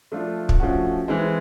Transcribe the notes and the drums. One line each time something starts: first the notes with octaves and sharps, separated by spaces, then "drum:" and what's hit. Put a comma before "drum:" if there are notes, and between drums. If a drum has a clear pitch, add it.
F3 A3 D4 F4
drum: kick
F3 A3 C#4 F#4
E3 G#3 C4